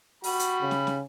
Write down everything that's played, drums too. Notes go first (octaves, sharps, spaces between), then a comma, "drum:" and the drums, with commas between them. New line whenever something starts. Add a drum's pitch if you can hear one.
G3 F#4 B5, drum: open hi-hat
drum: hi-hat
C#3
drum: snare
drum: snare